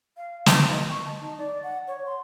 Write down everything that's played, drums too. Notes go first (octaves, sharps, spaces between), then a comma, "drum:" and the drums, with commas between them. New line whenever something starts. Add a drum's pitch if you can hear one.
F5
D#4, drum: snare
D#5
C#6
A5
D#4
D5
F#5
C#5
C6